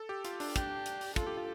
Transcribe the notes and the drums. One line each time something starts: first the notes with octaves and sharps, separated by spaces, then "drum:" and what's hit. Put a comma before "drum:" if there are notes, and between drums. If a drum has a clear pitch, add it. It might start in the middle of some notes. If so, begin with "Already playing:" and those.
Already playing: A4
G4
F4, drum: hi-hat
D4, drum: open hi-hat
G4, drum: kick, hi-hat
drum: hi-hat
drum: open hi-hat
F4 A4, drum: kick, hi-hat
G4
F4